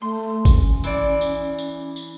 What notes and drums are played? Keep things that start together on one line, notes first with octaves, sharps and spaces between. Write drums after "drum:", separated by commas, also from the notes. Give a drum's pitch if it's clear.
A3 C6
C#4, drum: kick, tambourine
E3 D5, drum: tambourine
drum: tambourine
drum: tambourine
drum: tambourine